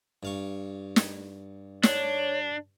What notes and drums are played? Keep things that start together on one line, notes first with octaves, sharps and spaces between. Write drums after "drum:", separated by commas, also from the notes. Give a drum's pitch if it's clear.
G2 F5 C#6
drum: snare
D4 C#5, drum: snare